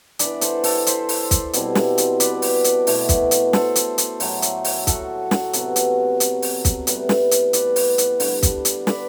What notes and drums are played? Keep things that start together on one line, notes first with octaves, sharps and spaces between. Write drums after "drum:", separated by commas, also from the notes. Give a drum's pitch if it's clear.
E3 B3 D4 B4 D5, drum: hi-hat
A4 C5, drum: hi-hat
A4 C5, drum: open hi-hat
C5 E5, drum: hi-hat
drum: open hi-hat
drum: kick, hi-hat
B2 G3 C4 E4, drum: hi-hat
drum: snare
drum: hi-hat
B4 D5, drum: hi-hat
drum: open hi-hat
drum: hi-hat
B2 A3 E4, drum: open hi-hat
drum: kick, hi-hat
drum: hi-hat
A4 C5, drum: snare
drum: hi-hat
drum: hi-hat
A2 F#3 A3, drum: open hi-hat
drum: hi-hat
drum: open hi-hat
F#4 A4, drum: kick, hi-hat
drum: snare
C3 F#3 B3, drum: hi-hat
drum: hi-hat
drum: hi-hat
drum: open hi-hat
drum: kick, hi-hat
A2 E3 G3 B3, drum: hi-hat
drum: snare
drum: hi-hat
B4 D5, drum: hi-hat
drum: open hi-hat
drum: hi-hat
D3 G3 D4, drum: open hi-hat
drum: kick, hi-hat
drum: hi-hat
B4 D5, drum: snare